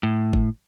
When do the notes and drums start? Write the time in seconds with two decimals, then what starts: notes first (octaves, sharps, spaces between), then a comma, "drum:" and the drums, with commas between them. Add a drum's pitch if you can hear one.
0.03 A2
0.33 drum: kick G1